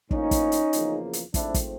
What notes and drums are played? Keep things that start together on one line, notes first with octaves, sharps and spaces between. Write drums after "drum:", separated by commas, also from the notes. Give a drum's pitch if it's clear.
A2 F3 A#3 C#4 D#4, drum: kick
drum: kick, hi-hat
drum: hi-hat
E2 C#3 F3 A#3, drum: hi-hat
drum: hi-hat
G#2 F3 A3 C4 D4 E4, drum: kick, hi-hat
drum: kick, hi-hat